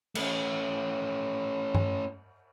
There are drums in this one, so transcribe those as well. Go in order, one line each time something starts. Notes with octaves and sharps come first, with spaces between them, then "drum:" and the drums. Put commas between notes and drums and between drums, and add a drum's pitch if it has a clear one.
A3 C#4, drum: cymbal
drum: tom G2